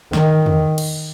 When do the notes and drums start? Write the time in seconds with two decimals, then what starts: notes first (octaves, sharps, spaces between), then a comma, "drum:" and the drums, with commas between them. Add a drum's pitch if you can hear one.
0.13 D#3, drum: snare
0.46 drum: tom E2
0.78 drum: cymbal